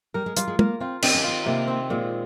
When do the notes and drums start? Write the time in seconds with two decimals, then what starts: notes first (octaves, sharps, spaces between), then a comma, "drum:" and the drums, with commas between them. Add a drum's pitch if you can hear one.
0.14 G3 A#4
0.26 G#3
0.37 G3 F4, drum: hi-hat
0.48 G#3
0.59 A#3 A#4, drum: tom
0.80 C4 F4
1.02 D#3 C4, drum: cymbal
1.15 C#4
1.24 C4 F4
1.46 C3 A#3
1.68 C4
1.90 A#2 G#3